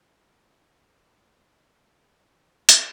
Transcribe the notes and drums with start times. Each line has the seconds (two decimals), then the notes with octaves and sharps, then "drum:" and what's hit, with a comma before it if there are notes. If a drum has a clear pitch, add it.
0.26 B2 F#3 B3 C4
1.71 G#2 C3 F#3 A#3
2.08 D#2 C3
2.69 drum: hi-hat